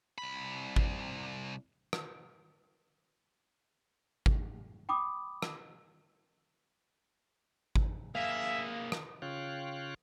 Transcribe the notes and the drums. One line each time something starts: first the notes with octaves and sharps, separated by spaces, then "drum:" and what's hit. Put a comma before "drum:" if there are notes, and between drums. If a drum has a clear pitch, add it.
C2 B5
drum: kick G#1
drum: rim click
drum: kick G#1
G5 B5 D6 D#6
drum: rim click
drum: kick G#1
A#3 G#4 E5 F5
drum: rim click
C#3 F4 C#5 F5 G5 F#6